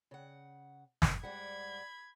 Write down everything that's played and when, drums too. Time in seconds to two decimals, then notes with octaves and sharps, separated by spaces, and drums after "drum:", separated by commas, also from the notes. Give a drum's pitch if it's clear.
0.11 C#3 F#5
1.02 drum: snare
1.23 G#2 G3 F#5 B5 G#6